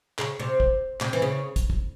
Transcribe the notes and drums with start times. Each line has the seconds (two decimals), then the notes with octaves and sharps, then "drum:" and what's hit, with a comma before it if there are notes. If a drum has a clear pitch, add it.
0.19 C#3, drum: clap
0.39 C3
0.60 drum: kick
1.01 C3, drum: clap
1.13 E3
1.22 C#3
1.56 drum: kick, hi-hat
1.70 drum: kick